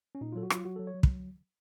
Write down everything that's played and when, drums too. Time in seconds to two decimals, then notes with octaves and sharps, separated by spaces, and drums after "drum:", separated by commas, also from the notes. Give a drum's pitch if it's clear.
0.15 C#4
0.21 A#2 D#4
0.32 F#3 F4 A4
0.43 F#4
0.50 F#3 F4, drum: rim click
0.65 F#3 F#4
0.76 F#3 A4
0.87 C#5
0.94 F#3
1.03 drum: kick